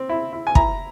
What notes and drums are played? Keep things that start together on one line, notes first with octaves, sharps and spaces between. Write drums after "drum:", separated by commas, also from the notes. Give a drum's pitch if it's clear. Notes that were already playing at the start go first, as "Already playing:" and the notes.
Already playing: C4
E4
E4
G#5
E4 A#5, drum: kick